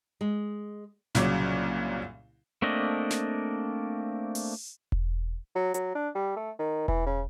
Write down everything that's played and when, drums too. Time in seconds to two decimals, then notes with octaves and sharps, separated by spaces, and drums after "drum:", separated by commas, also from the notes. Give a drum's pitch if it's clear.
0.21 G#3
1.15 C2 A#2 C#3 F#3 C#5 D6, drum: snare
2.62 A3 A#3 C4 D4 D#5
3.10 drum: snare
4.35 drum: open hi-hat
4.92 drum: kick E1
5.55 F#3
5.74 F#3, drum: hi-hat
5.95 D4
6.15 G3
6.36 A3
6.59 D#3
6.88 E3, drum: kick E1
7.06 C#3